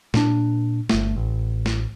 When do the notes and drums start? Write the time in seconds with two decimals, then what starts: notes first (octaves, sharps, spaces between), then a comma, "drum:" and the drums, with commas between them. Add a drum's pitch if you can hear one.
0.14 A#2 D4, drum: snare
0.89 G1 A3, drum: snare
1.16 A1
1.66 drum: snare